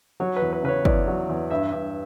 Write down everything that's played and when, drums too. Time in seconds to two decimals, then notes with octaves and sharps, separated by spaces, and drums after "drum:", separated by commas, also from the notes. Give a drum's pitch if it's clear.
0.20 F#3 C#5
0.36 B4
0.42 E2
0.53 B4
0.63 C#3 B4
0.68 C#5
0.85 E2 D5, drum: kick
1.08 F#3
1.29 E2
1.50 G2 E5
1.72 G2